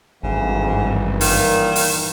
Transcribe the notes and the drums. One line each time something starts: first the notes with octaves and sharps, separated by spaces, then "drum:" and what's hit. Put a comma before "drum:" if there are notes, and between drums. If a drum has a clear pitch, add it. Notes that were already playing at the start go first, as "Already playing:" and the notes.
G#1 D2 G2 C#3 E3 F3
A#2 D#3, drum: open hi-hat
drum: open hi-hat